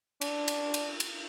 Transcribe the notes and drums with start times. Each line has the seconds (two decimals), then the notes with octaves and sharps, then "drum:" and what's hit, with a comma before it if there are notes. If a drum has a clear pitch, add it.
0.21 D4, drum: cymbal
0.48 drum: cymbal
0.74 drum: cymbal
1.00 drum: cymbal